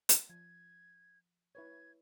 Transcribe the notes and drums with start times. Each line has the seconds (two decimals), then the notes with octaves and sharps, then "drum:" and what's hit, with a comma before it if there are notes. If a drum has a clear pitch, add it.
0.09 drum: hi-hat
0.29 F3 G#6
1.55 E4 B4 C#5 G#6